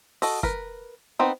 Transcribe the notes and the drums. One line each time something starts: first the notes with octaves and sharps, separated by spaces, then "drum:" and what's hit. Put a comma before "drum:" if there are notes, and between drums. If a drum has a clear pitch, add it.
F#4 A4 D#5, drum: open hi-hat
A#4 B4, drum: kick
B3 C4 D#4